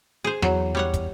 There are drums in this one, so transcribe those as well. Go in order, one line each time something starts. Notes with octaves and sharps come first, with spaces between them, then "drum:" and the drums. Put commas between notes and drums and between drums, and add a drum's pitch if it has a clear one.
G#4 C5
E2 F#3, drum: snare
G3 C#5 F#5
drum: kick, hi-hat